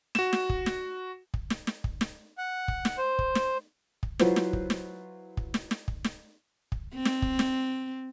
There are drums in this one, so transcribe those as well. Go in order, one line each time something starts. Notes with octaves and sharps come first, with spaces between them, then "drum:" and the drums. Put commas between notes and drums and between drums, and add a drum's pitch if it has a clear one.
F#4 E7, drum: snare
drum: snare
drum: kick
drum: snare
drum: kick
drum: snare
drum: snare
drum: kick
drum: snare
F#5
drum: kick
drum: snare
C5
drum: kick
drum: snare
drum: kick
F#3 E4 F4 B4 C5, drum: snare
drum: snare
drum: kick
drum: snare
drum: kick
drum: snare
drum: snare
drum: kick
drum: snare
drum: kick
C4
drum: snare
drum: kick
drum: snare